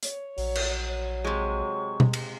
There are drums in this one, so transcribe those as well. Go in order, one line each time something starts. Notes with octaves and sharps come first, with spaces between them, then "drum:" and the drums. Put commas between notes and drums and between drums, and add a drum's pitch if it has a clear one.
C#5, drum: hi-hat
A#1 F#3, drum: open hi-hat
drum: cymbal
C3 G#3 C#6
drum: tom B2
drum: cymbal